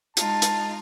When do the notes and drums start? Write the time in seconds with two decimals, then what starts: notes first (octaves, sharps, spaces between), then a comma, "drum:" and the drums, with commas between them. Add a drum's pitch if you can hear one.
0.17 G#3 D#4 F4 A5, drum: hi-hat
0.42 drum: hi-hat